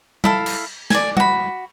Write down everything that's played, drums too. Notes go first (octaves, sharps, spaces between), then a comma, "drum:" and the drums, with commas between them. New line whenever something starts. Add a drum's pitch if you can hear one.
E4 A4 F5, drum: tom G3
drum: cymbal
D5 G#5, drum: snare
F#4 B5, drum: tom G3